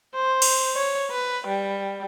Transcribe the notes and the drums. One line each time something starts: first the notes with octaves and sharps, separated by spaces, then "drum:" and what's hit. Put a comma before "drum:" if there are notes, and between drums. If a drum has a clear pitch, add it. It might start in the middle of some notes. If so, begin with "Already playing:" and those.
C5
drum: cymbal
C#5
B4
G3